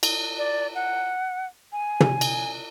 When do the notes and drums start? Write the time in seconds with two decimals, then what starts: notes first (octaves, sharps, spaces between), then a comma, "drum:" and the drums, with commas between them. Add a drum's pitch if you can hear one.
0.03 drum: cymbal
0.38 D5
0.75 F#5
1.72 G#5
2.00 drum: tom
2.21 drum: cymbal